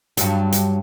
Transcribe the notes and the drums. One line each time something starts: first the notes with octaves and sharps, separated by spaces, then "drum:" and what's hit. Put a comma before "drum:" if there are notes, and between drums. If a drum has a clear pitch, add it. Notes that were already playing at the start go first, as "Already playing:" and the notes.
G2 F#3, drum: hi-hat
drum: hi-hat